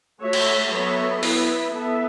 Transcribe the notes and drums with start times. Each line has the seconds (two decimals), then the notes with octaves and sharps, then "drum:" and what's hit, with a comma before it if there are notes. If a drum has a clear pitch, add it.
0.21 A3 F#4 C#5 E5
0.33 drum: cymbal
0.71 F#3 B3 A4 C#5 E5
1.23 B3 E4 B4 E5, drum: open hi-hat
1.74 B3 A4 E5